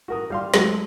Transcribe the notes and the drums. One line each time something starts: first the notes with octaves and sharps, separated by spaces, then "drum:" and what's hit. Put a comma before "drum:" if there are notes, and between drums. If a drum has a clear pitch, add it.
F#4 A#4 D#6
G3 F5 C6
F#3 G#3 A3, drum: snare